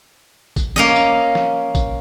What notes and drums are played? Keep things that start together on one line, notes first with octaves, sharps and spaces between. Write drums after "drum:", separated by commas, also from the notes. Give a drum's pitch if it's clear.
drum: kick A1, tambourine
A#3 C#4 D#5, drum: snare
drum: tambourine
drum: snare
drum: kick A1, tambourine